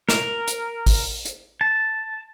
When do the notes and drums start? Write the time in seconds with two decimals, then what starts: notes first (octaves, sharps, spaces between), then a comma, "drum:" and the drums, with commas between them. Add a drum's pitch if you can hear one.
0.09 A#4, drum: snare
0.47 drum: hi-hat
0.86 drum: kick G#1, open hi-hat
1.25 drum: hi-hat
1.61 A5